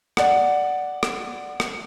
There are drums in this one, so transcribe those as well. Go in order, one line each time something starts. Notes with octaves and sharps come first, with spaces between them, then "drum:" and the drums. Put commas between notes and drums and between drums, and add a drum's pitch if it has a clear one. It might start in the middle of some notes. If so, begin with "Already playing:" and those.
D5 F#5, drum: rim click
drum: rim click
drum: rim click